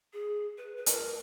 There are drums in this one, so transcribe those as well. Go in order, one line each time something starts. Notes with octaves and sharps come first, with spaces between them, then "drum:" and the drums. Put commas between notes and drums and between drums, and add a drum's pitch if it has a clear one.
G#4
B4
B4
A#4, drum: hi-hat